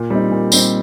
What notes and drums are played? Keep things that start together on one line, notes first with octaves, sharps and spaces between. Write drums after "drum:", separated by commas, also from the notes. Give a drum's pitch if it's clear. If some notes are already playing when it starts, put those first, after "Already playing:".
Already playing: A#2
G3 C4 D#4
A#2
G3 C4 D#4, drum: tambourine